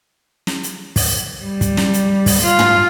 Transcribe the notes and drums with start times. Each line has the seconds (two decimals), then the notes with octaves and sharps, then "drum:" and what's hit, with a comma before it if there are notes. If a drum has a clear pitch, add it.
0.47 drum: snare
0.63 drum: hi-hat
0.96 drum: kick, open hi-hat
1.44 G3
1.61 drum: kick, hi-hat
1.77 drum: snare
1.94 drum: hi-hat
2.26 drum: kick, open hi-hat
2.42 F4
2.59 drum: tom